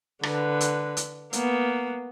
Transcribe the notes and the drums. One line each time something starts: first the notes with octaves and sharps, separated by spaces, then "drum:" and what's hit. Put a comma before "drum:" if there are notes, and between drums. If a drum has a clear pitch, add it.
D3 B4, drum: rim click
drum: hi-hat
drum: hi-hat
A#3 B3, drum: hi-hat